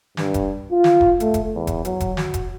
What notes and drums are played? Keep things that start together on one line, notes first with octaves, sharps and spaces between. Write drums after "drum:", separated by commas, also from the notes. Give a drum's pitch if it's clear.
G2, drum: snare
drum: kick E1, hi-hat
F4
drum: snare
drum: kick E1
A3, drum: hi-hat
drum: kick E1, hi-hat
E2
drum: kick E1, hi-hat
F#3, drum: hi-hat
drum: kick E1, hi-hat
F#4, drum: snare
drum: kick E1, hi-hat